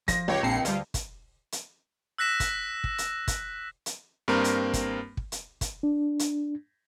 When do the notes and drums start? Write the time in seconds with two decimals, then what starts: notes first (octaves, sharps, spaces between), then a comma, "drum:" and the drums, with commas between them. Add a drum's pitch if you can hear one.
0.08 F3 A#6, drum: kick, hi-hat
0.28 C#2 G4 C#5
0.43 A#1 C4 A5 C7 C#7
0.65 D2 G3 F4, drum: hi-hat
0.94 drum: kick, hi-hat
1.52 drum: hi-hat
2.18 E6 F#6 A#6 B6 E7
2.40 drum: kick, hi-hat
2.84 drum: kick
2.98 drum: hi-hat
3.28 drum: kick, hi-hat
3.86 drum: hi-hat
4.28 G2 A#3 C4 A#4
4.44 drum: hi-hat
4.73 drum: kick, hi-hat
5.17 drum: kick
5.32 drum: hi-hat
5.61 drum: kick, hi-hat
5.83 D4
6.19 drum: hi-hat